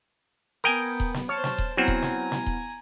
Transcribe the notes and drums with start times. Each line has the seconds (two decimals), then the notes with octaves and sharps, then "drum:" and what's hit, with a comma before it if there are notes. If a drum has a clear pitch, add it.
0.64 B3 A#4 G5 G#5 D#6 G6 D7
1.00 drum: kick D#1
1.14 drum: snare
1.29 C5 C#5 A5 F6
1.44 drum: snare
1.58 drum: kick D#1
1.77 F#3 B3 C4 E4 G#5 A#5
1.88 drum: kick D#1
2.02 drum: snare
2.32 drum: snare
2.46 drum: kick D#1